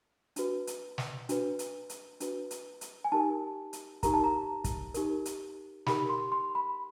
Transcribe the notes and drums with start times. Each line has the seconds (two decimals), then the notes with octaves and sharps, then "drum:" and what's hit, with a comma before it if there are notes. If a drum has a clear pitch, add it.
0.36 D4 F#4 B4, drum: hi-hat
0.67 drum: hi-hat
0.98 drum: snare
1.29 D4 F#4 B4, drum: hi-hat
1.59 drum: hi-hat
1.89 drum: hi-hat
2.20 D4 F#4 B4, drum: hi-hat
2.51 drum: hi-hat
2.81 drum: hi-hat
3.04 G#5
3.12 D#4 G4 A#4 A5
3.73 drum: hi-hat
4.03 D#4 G4 A#4 A#5, drum: kick, hi-hat
4.14 A5
4.24 A#5
4.64 drum: kick, hi-hat
4.94 D#4 G4 A#4, drum: hi-hat
5.25 drum: hi-hat
5.86 D#4 G4 A#4 B5, drum: snare
6.09 C6
6.32 C6
6.55 B5